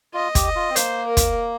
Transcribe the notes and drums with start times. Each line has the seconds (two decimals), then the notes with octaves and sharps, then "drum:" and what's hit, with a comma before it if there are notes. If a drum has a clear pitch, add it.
0.14 F4 D#5
0.35 G4, drum: kick, hi-hat
0.45 D#5
0.56 F4
0.70 C4
0.76 A#3 C5, drum: hi-hat
1.07 A#4
1.17 drum: kick, hi-hat